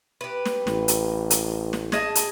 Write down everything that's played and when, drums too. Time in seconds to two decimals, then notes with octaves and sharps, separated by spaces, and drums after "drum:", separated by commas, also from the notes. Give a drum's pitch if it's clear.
0.21 G4 B4
0.45 drum: snare
0.67 A1, drum: snare
0.88 drum: hi-hat
1.30 drum: hi-hat
1.73 drum: snare
1.92 G#4 D#5 A5, drum: snare
2.15 drum: hi-hat